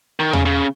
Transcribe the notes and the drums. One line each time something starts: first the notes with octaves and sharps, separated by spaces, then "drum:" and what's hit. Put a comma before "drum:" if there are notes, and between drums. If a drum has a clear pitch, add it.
D#3
C#3, drum: tom E2
C#3